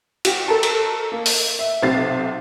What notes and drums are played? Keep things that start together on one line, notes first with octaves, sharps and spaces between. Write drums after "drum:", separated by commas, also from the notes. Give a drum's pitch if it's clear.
F#4 G4, drum: cymbal
A4 A#4 A5
drum: cymbal
A#3
drum: open hi-hat
E5
B1 C3 C4 A6 C7